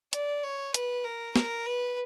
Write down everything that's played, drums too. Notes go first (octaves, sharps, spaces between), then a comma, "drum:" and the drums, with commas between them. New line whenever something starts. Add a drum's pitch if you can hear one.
D5, drum: hi-hat
C#5
B4, drum: hi-hat
A#4
A#4, drum: snare
B4